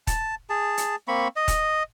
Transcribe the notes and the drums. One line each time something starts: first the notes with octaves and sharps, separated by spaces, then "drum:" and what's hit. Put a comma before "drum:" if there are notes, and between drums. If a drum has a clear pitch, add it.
A5, drum: kick D#1, hi-hat
G#4 A5
drum: hi-hat
A#3 C4 B5 C#6
D#5
drum: kick D#1, hi-hat